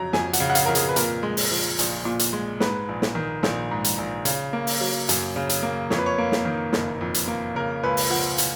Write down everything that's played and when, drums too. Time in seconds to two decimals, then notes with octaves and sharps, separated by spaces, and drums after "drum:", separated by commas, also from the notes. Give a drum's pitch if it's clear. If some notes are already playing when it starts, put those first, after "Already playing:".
Already playing: F2 C#3 F#3 A#5
0.13 F2 G#5, drum: snare
0.33 F#5, drum: hi-hat
0.40 C#3
0.50 F#5
0.55 F5, drum: hi-hat
0.65 F2 A#4
0.75 G#4, drum: hi-hat
0.89 B4
0.96 A#2 A#4, drum: hi-hat
1.23 G#3
1.37 drum: open hi-hat
1.51 F3
1.79 A#1, drum: hi-hat
2.05 A#2
2.19 drum: hi-hat
2.33 G#3
2.60 G#2 B4, drum: snare
2.89 A#1
3.02 drum: snare
3.15 D#3
3.43 A#1, drum: snare
3.71 G#2
3.84 drum: hi-hat
3.98 A#1
4.25 C#3, drum: hi-hat
4.53 A#3
4.67 drum: open hi-hat
4.81 F#3
5.09 F#2, drum: hi-hat
5.36 C#3
5.49 drum: hi-hat
5.63 A#3
5.90 F2 C#5, drum: snare
5.98 B4
6.06 C#5
6.18 A#3
6.32 drum: snare
6.45 D#3
6.73 F#1, drum: snare
7.01 F2
7.14 drum: hi-hat
7.28 A#3
7.55 C#3 A#4
7.84 C#2 B4
7.97 drum: open hi-hat
8.10 F3 F#5
8.38 drum: hi-hat